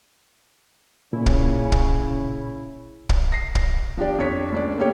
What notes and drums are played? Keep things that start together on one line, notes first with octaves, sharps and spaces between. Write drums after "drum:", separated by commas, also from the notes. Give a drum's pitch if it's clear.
A#2 C#3 C#4 E4
drum: kick
drum: kick
drum: kick
A#6 C7
drum: kick
F3 D4 G4 D5
F2 D4 C#5 B6
C#2 D4 D5
A3 A#3 C#4 G4 C#5